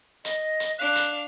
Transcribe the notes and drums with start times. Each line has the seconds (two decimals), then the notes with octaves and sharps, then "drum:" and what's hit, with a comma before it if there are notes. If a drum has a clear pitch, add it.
0.25 D#5, drum: hi-hat
0.60 drum: hi-hat
0.79 D4 F5 F#6
0.95 drum: hi-hat